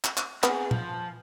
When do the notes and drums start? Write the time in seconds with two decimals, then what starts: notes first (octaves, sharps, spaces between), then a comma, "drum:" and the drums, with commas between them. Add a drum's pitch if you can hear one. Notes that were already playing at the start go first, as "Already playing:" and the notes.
0.04 drum: clap
0.17 drum: clap
0.43 B3 C4 G#4, drum: clap
0.71 F3, drum: tom A#2